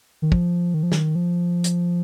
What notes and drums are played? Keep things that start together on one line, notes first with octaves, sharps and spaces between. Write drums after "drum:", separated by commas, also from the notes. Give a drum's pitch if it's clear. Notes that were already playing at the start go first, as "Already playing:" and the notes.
D#3
F3, drum: kick
D#3
F3
D#3, drum: snare
F3
drum: hi-hat